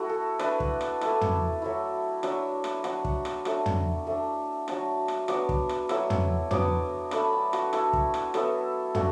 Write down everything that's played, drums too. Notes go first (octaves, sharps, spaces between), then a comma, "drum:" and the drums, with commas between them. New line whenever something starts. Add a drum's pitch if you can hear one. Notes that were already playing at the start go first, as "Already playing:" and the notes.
Already playing: A3 E4 F#4
A4
A3 D4 B4, drum: rim click
drum: kick
drum: rim click
A3 E4, drum: rim click
drum: tom
F#3 A3 E4
F#3 D4 E5, drum: rim click
drum: rim click
F#3 D4 F#5, drum: rim click
drum: kick
drum: rim click
F#3 A3 D4, drum: rim click
drum: tom
A3 D4
F#3 D4 A5, drum: rim click
drum: rim click
F#3 B3 D4 D6, drum: rim click
drum: kick
drum: rim click
F#3 A3 E4 E6, drum: rim click
drum: tom
F#3 B3 D4 D6, drum: tom
A3 D4 B5, drum: rim click
A5
F#4, drum: rim click
A3 E4 A4, drum: rim click
drum: kick
drum: rim click
F#3 B3 E4 A4, drum: rim click
A3 D4 F#4, drum: tom